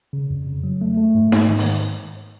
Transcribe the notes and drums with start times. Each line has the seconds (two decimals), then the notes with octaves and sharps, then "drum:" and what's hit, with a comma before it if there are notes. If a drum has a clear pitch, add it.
0.13 C#3
0.30 F2
0.47 C#3
0.64 F#3
0.81 A3
0.97 A3
1.15 G#2
1.32 G#2, drum: snare D#4
1.49 D#3
1.58 drum: open hi-hat